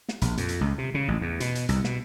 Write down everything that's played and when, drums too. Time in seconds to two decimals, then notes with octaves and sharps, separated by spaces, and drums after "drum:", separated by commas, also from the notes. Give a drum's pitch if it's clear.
0.09 drum: snare
0.22 A#1, drum: hi-hat
0.38 F2, drum: hi-hat
0.49 drum: hi-hat
0.61 C#2
0.78 C3
0.94 C#3
1.08 A1
1.21 E2
1.40 B2, drum: hi-hat
1.55 drum: hi-hat
1.69 C2, drum: hi-hat
1.84 B2, drum: snare